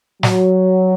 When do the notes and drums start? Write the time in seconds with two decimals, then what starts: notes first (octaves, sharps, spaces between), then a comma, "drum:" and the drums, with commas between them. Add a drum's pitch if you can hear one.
0.23 F#3, drum: snare